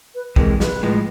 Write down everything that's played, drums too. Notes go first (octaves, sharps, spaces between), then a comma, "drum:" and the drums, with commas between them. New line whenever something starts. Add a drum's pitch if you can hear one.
B4
C3 E3 G#3 A#4, drum: kick
B4, drum: snare
A2 F3 G#3